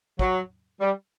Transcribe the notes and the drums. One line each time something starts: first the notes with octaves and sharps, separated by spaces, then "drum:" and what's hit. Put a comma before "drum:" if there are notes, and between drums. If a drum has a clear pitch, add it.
F#3, drum: kick
G3